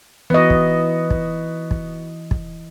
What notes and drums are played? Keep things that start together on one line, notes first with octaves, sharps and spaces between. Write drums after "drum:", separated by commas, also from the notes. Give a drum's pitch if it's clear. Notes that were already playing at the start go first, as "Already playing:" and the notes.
E3 B3 F#4 D#5
drum: kick
drum: kick
drum: kick
drum: kick